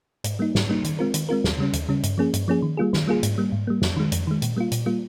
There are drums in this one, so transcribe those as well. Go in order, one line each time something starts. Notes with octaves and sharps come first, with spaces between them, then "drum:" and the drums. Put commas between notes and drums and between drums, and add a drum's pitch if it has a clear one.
G#2, drum: hi-hat
G3 A#3 D#4
G#2, drum: snare
G3 A#3 D#4
D#3, drum: hi-hat
G#3 C4 F4 A#4
D#3, drum: hi-hat
G#3 C4 F4 A#4
D#2, drum: snare
C#3 G3 C#4
D#2, drum: hi-hat
C#3 G3 C#4
G2, drum: hi-hat
F3 A#3 C#4 G#4
G2, drum: hi-hat
F3 A#3 C#4 G#4
D#3
G3 A#3 F4 G#4
D#3, drum: snare
G3 A#3 F4 G#4
G#2, drum: hi-hat
G3 A#3
G#2
G3 A#3
F2, drum: snare
D#3 G#3
F2, drum: hi-hat
D#3 G#3
A#2, drum: hi-hat
G3 A#3 F4
A#2, drum: hi-hat
G3 A#3 F4